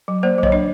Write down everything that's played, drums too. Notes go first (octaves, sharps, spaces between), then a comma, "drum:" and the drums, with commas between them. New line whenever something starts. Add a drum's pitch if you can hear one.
F#3
A#3 C5 D5
F#3
C#5 D#5, drum: kick
D4